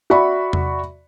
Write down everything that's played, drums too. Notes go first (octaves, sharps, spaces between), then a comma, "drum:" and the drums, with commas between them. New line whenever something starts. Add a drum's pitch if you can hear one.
F#4 D5 E5 B5 C#6
drum: tom E2